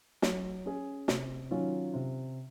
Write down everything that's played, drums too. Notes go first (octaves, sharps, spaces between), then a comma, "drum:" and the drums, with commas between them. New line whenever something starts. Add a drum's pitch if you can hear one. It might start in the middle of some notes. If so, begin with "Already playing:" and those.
F#3, drum: snare
C#4 G#4
C3, drum: snare
D#3 F#3 C#4 F4
C3